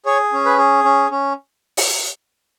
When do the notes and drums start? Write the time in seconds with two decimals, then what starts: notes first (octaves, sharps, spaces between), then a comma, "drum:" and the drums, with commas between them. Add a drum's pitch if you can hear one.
0.06 G#4 C#5
0.33 C#4
0.46 B4
0.58 G#4
0.84 C#4
1.11 C#4
1.77 drum: open hi-hat